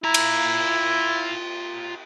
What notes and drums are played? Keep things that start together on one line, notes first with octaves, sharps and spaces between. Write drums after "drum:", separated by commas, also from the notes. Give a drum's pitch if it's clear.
E4 F4 A#5
drum: cymbal